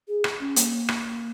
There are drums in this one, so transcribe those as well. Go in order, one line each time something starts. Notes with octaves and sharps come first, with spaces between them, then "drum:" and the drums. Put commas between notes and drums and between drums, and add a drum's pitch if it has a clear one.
G#4
drum: rim click
C#4
A#3, drum: hi-hat
drum: rim click